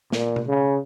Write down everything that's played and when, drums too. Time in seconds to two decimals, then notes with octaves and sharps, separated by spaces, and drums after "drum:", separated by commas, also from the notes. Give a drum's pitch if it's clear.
0.12 A#2, drum: snare
0.36 drum: tom B2
0.47 C#3